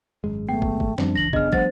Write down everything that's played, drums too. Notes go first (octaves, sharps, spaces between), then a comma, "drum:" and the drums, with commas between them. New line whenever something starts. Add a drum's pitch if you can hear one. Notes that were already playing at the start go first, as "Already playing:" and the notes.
G#1 F#2 G#3
A3 B3 G5
drum: kick
drum: kick
F#2 F3 G3 C4 D4, drum: snare
F#1 C#2 E3 A#6 F#7
C#3 B3 D4 D#5 F6, drum: kick
F3 G3 A3 C5 F#5 A6, drum: kick